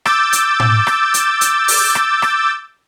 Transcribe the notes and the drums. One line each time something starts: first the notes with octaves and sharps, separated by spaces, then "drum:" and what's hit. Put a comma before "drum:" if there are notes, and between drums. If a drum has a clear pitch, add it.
D6 E6 G6 A6, drum: rim click
drum: hi-hat
drum: tom A2
drum: rim click
drum: hi-hat
drum: hi-hat
drum: open hi-hat
drum: rim click
drum: rim click